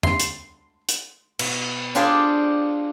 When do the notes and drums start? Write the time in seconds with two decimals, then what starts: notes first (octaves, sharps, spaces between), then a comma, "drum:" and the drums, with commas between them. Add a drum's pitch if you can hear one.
0.03 C6, drum: tom F2
0.20 drum: hi-hat
0.89 drum: hi-hat
1.39 B2, drum: cymbal
1.95 D4 F4 G4 G#4 C5 D5